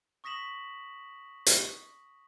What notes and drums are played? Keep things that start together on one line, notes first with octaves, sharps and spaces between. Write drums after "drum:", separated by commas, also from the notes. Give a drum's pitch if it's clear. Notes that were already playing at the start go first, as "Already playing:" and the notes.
C#6 D#6 A#6 B6 E7 F#7
drum: hi-hat